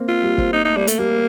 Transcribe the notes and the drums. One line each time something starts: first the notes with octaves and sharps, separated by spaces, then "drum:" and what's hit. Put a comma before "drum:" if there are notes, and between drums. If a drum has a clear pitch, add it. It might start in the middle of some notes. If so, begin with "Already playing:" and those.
Already playing: A#3 C4
F4
G3
C4, drum: kick
A#3 D#4
A3 D#4
G3
A3, drum: hi-hat
G3 A#3